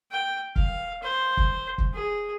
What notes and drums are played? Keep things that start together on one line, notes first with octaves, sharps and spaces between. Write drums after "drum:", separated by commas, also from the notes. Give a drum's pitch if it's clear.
G5
F5, drum: kick
C5
drum: kick
drum: kick
G#4